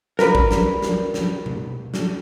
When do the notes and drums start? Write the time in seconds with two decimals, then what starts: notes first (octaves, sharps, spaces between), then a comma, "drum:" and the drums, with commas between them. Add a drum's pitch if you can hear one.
0.19 A#4 B4 D5, drum: snare
0.35 drum: kick
0.51 drum: snare
0.82 drum: snare
1.14 drum: snare
1.46 drum: tom B2
1.94 drum: snare